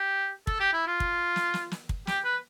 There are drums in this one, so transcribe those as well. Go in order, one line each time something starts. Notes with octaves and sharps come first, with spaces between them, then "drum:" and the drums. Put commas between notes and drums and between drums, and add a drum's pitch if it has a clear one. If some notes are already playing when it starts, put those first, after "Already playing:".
Already playing: G4
A4, drum: kick
G4
E4
F4
drum: kick
drum: snare
drum: snare
drum: snare
drum: kick
G4, drum: snare
B4